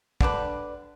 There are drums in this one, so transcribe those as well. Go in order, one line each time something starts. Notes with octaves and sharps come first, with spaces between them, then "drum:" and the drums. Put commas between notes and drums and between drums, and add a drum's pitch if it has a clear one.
D3 G3 D4 B4, drum: kick